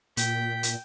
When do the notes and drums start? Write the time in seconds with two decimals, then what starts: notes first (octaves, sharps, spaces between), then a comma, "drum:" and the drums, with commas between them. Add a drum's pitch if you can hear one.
0.17 A#2 G5 B6, drum: hi-hat
0.63 drum: hi-hat